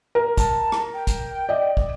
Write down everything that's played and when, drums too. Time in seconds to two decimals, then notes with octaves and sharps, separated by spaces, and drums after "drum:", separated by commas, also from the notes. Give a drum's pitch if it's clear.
0.15 A#4
0.37 A5, drum: kick, hi-hat
0.72 drum: rim click
0.95 G5
1.07 drum: kick, hi-hat
1.49 D5 D#5
1.77 drum: kick